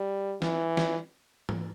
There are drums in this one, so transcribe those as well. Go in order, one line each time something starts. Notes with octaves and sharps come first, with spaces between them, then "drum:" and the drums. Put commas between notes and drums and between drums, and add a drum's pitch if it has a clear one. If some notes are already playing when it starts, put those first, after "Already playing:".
Already playing: G3
E3, drum: snare
drum: snare
drum: tom